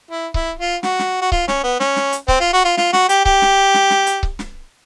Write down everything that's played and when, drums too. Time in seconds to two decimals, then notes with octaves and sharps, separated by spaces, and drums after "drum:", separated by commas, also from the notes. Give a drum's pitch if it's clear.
0.11 E4
0.34 E4, drum: kick C#1
0.59 F4
0.83 F#4, drum: snare
0.99 drum: snare
1.22 F#4
1.32 F4, drum: kick C#1
1.48 C#4, drum: snare
1.64 B3
1.80 C#4, drum: snare
1.96 drum: snare
2.12 drum: hi-hat
2.28 C4, drum: kick C#1
2.40 F4
2.53 F#4
2.65 F4
2.77 F4, drum: snare
2.93 F#4, drum: snare
3.09 G4, drum: hi-hat
3.25 G4, drum: kick C#1
3.42 drum: snare
3.74 drum: snare
3.90 drum: snare
4.07 drum: hi-hat
4.23 drum: kick C#1
4.39 drum: snare